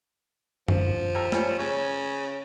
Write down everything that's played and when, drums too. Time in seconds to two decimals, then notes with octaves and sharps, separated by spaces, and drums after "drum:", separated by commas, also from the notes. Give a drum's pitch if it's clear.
0.68 F3, drum: tom F#2
1.15 G4 A4 A#4
1.32 G3 C#4, drum: snare
1.59 C#3 C#5